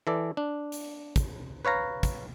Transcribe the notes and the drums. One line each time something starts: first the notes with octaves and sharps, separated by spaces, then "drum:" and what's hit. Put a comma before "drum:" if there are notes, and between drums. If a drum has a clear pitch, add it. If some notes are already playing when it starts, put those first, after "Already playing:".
E3 A4 D5
D4
drum: hi-hat
drum: kick, hi-hat
B4 C#5 F5 A#5
drum: kick, hi-hat